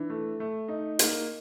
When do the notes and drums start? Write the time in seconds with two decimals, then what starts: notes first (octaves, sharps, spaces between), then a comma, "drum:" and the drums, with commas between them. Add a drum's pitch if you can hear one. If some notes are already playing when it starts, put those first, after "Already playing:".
Already playing: E3 D4
0.10 A3
0.40 A3
0.68 D#4
0.99 A#3, drum: hi-hat